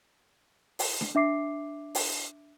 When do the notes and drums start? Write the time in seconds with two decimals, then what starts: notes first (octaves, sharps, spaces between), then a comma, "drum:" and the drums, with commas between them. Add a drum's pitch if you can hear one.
0.79 drum: open hi-hat
1.01 drum: snare D4
1.15 D4 E5 D6 C7
1.95 drum: open hi-hat